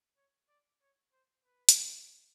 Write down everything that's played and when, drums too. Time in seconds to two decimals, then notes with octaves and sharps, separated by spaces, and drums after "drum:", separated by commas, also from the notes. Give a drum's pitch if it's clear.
0.17 C#5
0.49 D5
0.81 C#5
1.13 C5
1.45 B4
1.69 drum: hi-hat